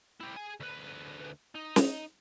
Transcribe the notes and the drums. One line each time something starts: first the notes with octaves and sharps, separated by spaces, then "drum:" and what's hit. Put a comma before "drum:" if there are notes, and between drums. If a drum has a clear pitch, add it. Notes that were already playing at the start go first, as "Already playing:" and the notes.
E4 G4
G#4 G#5
D2 B4
D#4
drum: snare